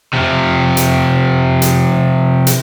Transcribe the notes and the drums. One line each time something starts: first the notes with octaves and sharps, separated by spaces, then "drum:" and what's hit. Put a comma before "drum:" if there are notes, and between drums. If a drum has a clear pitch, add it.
C3 F3
drum: hi-hat
drum: hi-hat
drum: hi-hat